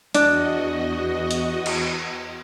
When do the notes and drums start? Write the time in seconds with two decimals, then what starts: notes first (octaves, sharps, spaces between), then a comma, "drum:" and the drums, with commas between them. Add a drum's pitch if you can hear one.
0.15 E2 D4 F#4 D#5, drum: hi-hat
1.31 drum: hi-hat
1.66 drum: cymbal